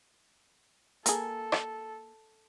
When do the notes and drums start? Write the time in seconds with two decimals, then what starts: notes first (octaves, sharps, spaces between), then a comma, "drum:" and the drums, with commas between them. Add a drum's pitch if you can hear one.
1.06 A#3 G#4 A4, drum: hi-hat
1.52 drum: rim click